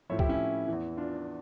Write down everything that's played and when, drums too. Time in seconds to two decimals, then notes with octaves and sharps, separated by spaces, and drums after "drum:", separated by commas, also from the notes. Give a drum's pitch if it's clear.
0.09 A2 F3 C#5 E5
0.19 E4 G4, drum: kick
0.29 C#4 E4
0.68 E2 E3
0.97 D4 F4